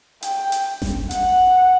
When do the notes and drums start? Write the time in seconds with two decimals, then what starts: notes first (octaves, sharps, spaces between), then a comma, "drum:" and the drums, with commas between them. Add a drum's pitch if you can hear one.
0.22 G5, drum: hi-hat
0.52 drum: hi-hat
0.82 drum: snare G1
1.11 F#5, drum: hi-hat